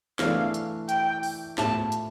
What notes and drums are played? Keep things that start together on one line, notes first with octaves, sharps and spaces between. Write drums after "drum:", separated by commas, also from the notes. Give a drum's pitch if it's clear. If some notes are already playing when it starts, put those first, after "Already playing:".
E3 A3 D4 F5, drum: snare
drum: hi-hat
G5, drum: hi-hat
drum: open hi-hat
A2 F3 A3 E4 G4 A5, drum: snare
drum: hi-hat